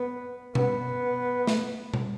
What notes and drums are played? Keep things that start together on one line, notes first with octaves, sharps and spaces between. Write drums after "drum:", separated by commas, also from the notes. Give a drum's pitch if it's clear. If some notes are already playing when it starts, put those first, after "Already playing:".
Already playing: B3
B3, drum: tom B2
drum: snare
drum: tom B2